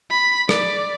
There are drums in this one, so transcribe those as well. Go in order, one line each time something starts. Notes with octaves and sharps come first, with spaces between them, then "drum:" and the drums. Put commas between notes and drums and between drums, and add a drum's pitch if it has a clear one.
B5
D5, drum: rim click